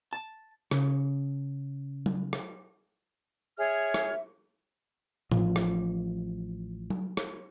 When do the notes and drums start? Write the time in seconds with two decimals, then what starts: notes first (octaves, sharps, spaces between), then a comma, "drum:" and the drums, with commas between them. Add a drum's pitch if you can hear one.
0.13 A5
0.71 C#3, drum: rim click
2.06 drum: tom F#3
2.33 drum: rim click
3.59 G#4 C#5 E5 F6
3.94 drum: rim click
5.32 A1 F3, drum: tom A2
5.56 drum: rim click
6.90 drum: tom F#3
7.17 drum: rim click